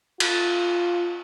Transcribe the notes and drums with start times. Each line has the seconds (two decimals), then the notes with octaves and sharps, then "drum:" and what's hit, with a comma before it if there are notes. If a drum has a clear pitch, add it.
0.20 F4, drum: cymbal